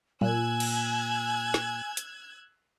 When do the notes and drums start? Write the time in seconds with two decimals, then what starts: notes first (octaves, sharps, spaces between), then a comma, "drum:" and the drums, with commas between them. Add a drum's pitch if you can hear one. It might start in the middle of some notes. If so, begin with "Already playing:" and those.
0.21 A#2 G#5 E6 F#6 G#6, drum: tom
0.60 drum: cymbal
1.54 drum: snare
1.97 drum: hi-hat